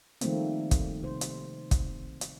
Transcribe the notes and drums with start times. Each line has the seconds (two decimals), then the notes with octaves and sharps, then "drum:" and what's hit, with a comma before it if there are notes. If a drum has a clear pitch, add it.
0.21 D#3 F3 G3 A3 A#3 C4, drum: hi-hat
0.71 drum: kick, hi-hat
1.03 C3 C5
1.21 drum: hi-hat
1.71 drum: kick, hi-hat
2.21 drum: hi-hat